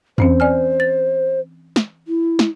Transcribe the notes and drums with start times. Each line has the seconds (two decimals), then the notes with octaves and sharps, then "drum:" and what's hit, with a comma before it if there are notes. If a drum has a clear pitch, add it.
0.18 E3 C4 C#4 C5, drum: tom E2
0.40 D5 G#5 F6
0.80 A6
1.76 drum: snare
2.08 E4
2.39 drum: snare